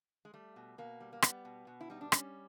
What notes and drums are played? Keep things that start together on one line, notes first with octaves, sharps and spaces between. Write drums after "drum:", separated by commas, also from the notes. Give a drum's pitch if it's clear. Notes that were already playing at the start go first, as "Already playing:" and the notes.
G#3
G3 A3
B2
B2 A#3
G3
A#3
G3 B3, drum: rim click
B2
B2
E4
G3 D#4
D4
G3 C#4, drum: rim click